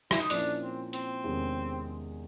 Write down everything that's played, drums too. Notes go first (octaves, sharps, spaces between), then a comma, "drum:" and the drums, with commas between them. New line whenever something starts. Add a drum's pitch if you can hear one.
E4, drum: rim click
D#4
A#2 F3 A#3 C#4 D4 E4, drum: open hi-hat
C4
C4, drum: hi-hat
E2 C3 D#3 G#3 C#4